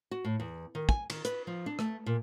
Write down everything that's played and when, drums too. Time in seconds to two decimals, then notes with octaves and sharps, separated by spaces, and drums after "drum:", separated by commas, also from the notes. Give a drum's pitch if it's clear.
0.11 F#4
0.25 A2
0.40 E2
0.75 D#3
0.89 G#5, drum: kick
1.10 D#3, drum: cymbal
1.25 B4, drum: hi-hat
1.47 F3
1.66 D4
1.79 A3, drum: rim click
2.06 A#2